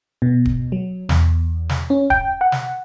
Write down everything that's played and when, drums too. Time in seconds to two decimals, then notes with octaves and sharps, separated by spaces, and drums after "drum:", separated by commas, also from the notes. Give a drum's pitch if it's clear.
0.22 B2
0.45 drum: kick D1
0.72 F#3
1.09 E2, drum: snare
1.69 drum: snare
1.90 C#4
2.10 G5, drum: kick D1
2.41 F#5
2.52 drum: snare